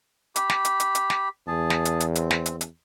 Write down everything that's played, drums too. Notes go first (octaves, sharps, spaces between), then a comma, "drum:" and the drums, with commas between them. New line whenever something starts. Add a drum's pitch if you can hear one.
G4 B5, drum: hi-hat
drum: snare
drum: hi-hat
drum: hi-hat
drum: hi-hat
drum: snare
E2 G#4 A5
drum: snare
drum: hi-hat
drum: hi-hat
C4, drum: hi-hat
drum: snare
drum: hi-hat
drum: hi-hat